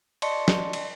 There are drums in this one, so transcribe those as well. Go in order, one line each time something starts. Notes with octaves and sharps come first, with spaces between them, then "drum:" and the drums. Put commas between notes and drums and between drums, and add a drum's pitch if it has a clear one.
D5 D#5 A5 C6 C#6 C#7, drum: cymbal
drum: snare
drum: cymbal